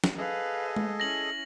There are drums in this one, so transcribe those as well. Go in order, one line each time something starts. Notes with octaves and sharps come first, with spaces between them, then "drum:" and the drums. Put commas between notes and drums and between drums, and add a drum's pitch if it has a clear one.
drum: snare
G#4 A4 B4 D#5 F5
drum: tom G#3
C#4 E4 A#6 F#7